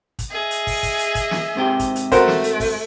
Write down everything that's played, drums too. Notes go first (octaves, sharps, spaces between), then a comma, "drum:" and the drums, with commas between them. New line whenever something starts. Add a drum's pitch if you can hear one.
drum: kick, hi-hat
G#4 D#5 E5
drum: hi-hat
drum: kick, open hi-hat
drum: kick, hi-hat
drum: hi-hat
drum: kick, hi-hat
drum: snare
G#2 C3 G4
drum: kick, hi-hat
drum: hi-hat
A3 F#4 A#4 C5, drum: kick, hi-hat
drum: snare
drum: hi-hat
drum: kick, open hi-hat